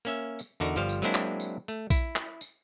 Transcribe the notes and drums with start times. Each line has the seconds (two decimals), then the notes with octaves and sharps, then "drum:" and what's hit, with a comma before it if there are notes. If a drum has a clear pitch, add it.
0.05 A#3 C#4 E5
0.39 drum: tambourine
0.60 E2 D3 D#4 F#4 A#4 A#5
0.76 G1 F3 G3 C5 F5
0.89 drum: tambourine
1.02 F#3 G#3 A#3 C4 D4 E4
1.15 drum: clap
1.40 drum: tambourine
1.68 A3
1.90 E4, drum: kick A#1, tambourine
2.16 drum: clap
2.41 drum: tambourine